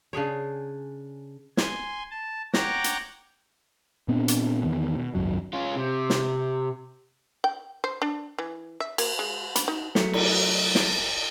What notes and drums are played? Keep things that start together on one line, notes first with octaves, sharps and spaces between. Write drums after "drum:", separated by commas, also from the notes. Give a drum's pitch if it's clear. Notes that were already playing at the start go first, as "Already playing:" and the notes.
C#3 D4 G#4 C#5
G#5 C6, drum: snare
A5
C#5 F#5 G5 A#5 D6 A#6, drum: snare
drum: hi-hat
A#2 B3 C4 D4
drum: hi-hat
E2 D#3 B3
B2
G#1 C#2 F#2 F#3
C#4 F4
C3
drum: snare
G5
C5
D4
E3
E5
A#3, drum: cymbal
G#3
B5, drum: hi-hat
D#4
F#3 A3, drum: snare
drum: cymbal
drum: snare